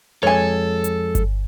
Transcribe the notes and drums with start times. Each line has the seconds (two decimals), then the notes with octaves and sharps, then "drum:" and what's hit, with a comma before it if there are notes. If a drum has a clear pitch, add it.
0.23 F2 G#3 A4 C#5 G#5
0.84 drum: hi-hat
1.15 drum: kick G1, hi-hat